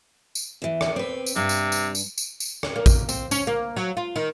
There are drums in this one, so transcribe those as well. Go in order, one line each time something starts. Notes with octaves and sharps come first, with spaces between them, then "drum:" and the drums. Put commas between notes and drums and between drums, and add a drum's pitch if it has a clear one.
drum: tambourine
E2 E3
drum: rim click
C4 B4
drum: tambourine
G2 C3
drum: tambourine
drum: tambourine
drum: tambourine
drum: tambourine
drum: tambourine
drum: rim click
A#3
drum: kick A1, tambourine
C4, drum: tambourine
C#4, drum: tambourine
A#3
F#3
F4
D#3